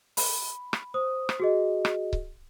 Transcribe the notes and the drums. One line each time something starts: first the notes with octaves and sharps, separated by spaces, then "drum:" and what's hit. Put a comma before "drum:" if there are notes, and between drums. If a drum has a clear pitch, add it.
B5, drum: open hi-hat
drum: rim click
C5 D#6
drum: rim click
F#4 G#4 D#5
drum: rim click
drum: kick C#1